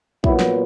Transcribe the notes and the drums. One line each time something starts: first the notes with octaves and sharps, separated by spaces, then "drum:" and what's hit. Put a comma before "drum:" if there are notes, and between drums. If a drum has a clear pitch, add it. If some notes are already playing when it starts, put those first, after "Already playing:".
A#2 F#3 B3 E4, drum: kick
drum: snare